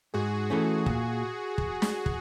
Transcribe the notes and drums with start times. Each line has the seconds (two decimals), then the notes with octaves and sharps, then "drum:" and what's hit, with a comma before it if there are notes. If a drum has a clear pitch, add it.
0.14 G#2 F#4 G#4
0.50 E3 A3 C#4
0.86 A#2, drum: kick
1.58 drum: kick
1.82 drum: snare
2.06 drum: kick